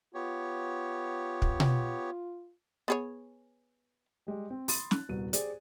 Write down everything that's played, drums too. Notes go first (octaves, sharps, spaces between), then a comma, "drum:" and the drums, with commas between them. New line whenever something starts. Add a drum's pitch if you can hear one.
B3 F4 G4 C#5
drum: kick
drum: tom B2
B3 G#4 C#5
G3 G#3 G4
C4
B5 C6 D#6 A6, drum: open hi-hat
F#6, drum: snare
D#1 C2 B3 F#4 D#7
G4 G#4 C5 D5, drum: hi-hat